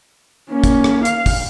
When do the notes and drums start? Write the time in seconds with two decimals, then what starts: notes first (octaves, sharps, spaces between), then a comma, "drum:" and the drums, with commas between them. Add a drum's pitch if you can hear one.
0.50 A#3 C#4
0.64 drum: kick, hi-hat
0.84 drum: rim click
1.05 F5, drum: hi-hat
1.26 drum: kick, open hi-hat